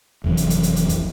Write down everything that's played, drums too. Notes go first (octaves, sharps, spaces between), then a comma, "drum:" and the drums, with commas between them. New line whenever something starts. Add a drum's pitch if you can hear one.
F1 F2 E3 F#3
drum: hi-hat
drum: hi-hat
drum: hi-hat
drum: hi-hat
drum: kick, hi-hat